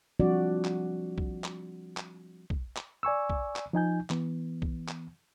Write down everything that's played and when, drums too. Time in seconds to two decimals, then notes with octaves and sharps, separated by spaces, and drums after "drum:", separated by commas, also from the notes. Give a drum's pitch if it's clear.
0.20 F3 G3 C4 D4 F#4 D5
0.65 drum: clap
1.18 drum: kick
1.44 drum: clap
1.97 drum: clap
2.50 drum: kick
2.77 drum: clap
3.03 D5 G#5 C#6 E6
3.30 drum: kick
3.56 drum: clap
3.73 F3 D#4 G#5 G6
4.10 E3 B3, drum: clap
4.62 drum: kick
4.88 drum: clap